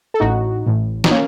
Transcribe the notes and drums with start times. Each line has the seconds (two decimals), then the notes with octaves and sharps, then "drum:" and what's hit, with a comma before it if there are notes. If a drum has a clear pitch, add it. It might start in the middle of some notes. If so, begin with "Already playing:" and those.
0.14 A4
0.20 A1 A2 D#4 F#4
0.67 A1 A2
1.04 D#4, drum: snare
1.11 A#3 C#4